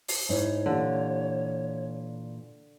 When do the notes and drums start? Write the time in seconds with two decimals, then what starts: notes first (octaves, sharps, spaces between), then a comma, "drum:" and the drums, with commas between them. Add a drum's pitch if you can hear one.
0.08 drum: open hi-hat
0.29 G#2 D#4 E4 C#5
0.66 A#2 D3 E3 G4